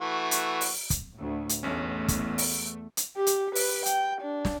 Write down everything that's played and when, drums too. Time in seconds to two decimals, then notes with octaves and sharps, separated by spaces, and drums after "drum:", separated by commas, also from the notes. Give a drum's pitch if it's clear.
0.01 E3 A3 F#4
0.31 drum: hi-hat
0.61 drum: open hi-hat
0.90 drum: kick, hi-hat
1.15 D2 A2
1.49 drum: hi-hat
1.63 A1 E2 A3 C#4
2.08 drum: kick, hi-hat
2.38 drum: open hi-hat
2.97 drum: hi-hat
3.17 G4
3.27 drum: hi-hat
3.55 B4, drum: open hi-hat
3.86 G5, drum: hi-hat
4.22 D4
4.45 drum: snare